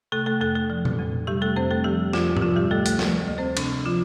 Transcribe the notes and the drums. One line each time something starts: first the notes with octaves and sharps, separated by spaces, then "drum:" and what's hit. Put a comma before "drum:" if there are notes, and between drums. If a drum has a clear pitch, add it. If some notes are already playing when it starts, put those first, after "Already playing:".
C3 A3 A4
A3 A4
F2 A3 A4
A3 A4
F3
drum: tom A#2
F2
C3 G3 G4
A3 A4
F2 C4 C5
A3 A4
F3 G3 G4
F2 F3 F4, drum: snare
G4, drum: tom G#2
C3 F3 F4
G3 G4
D2 A3 A4
A3 A4, drum: hi-hat
F3, drum: snare
D2
C4 C5
C3 D4, drum: cymbal
F3 F4